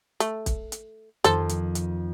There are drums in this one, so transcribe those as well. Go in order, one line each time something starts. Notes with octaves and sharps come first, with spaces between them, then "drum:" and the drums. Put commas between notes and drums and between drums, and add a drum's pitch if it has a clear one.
A3, drum: hi-hat
drum: kick, hi-hat
drum: hi-hat
F2 D#3 A4 C5, drum: hi-hat
drum: hi-hat
drum: hi-hat